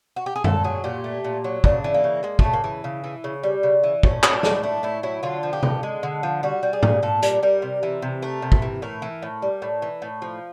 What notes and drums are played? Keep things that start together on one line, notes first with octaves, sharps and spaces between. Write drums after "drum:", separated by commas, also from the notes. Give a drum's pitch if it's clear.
F#4
G4
G#4
A#2 A4, drum: tom
F#3 G#4
A#2 G4
A3
A#2
F#3
C#3 D4, drum: kick
E3
A#3
C#3
G#3 A#3
C#3 A3, drum: kick
A#3
E3
C#3
E3
C#3
G3
C#3
E3
A2 C#4, drum: kick
F#3, drum: clap
D4
A2, drum: snare
A3 D4
A2 E4
F#3 E4
D3 F4
F3
G4
D3, drum: tom C3
G#3
D3
F3
G3 F#4
G3
G#4
A#2, drum: tom G#2
A#2 A4
G3 A#4, drum: hi-hat
G3 A#4
C3
E3
C3
A3 A#4
C3
drum: kick
E3
A2 A#4
E3
A2
G3
A2
E3
A2
F3